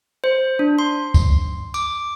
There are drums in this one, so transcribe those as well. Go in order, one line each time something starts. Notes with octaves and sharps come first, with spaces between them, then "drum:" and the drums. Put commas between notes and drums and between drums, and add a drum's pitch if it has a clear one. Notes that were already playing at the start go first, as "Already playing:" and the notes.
C5
D4
C6
drum: kick, tambourine
D6, drum: tambourine